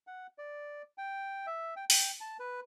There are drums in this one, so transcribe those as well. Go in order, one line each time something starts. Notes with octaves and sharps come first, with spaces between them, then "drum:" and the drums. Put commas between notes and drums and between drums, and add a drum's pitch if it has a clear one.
F#5
D5
G5
E5
G5
G5, drum: open hi-hat
A5
B4